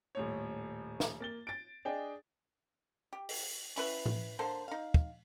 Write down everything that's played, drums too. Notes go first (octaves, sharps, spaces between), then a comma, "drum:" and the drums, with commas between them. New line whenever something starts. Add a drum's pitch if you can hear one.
D#1 A2 C#5
drum: snare
A#3 A6 G7
A6 D7
D4 G#4 D#5 G5
G4
drum: open hi-hat
C#4 E4 B4, drum: open hi-hat
drum: tom A2
D3 A#3 A4 C5
D#4 F5
drum: kick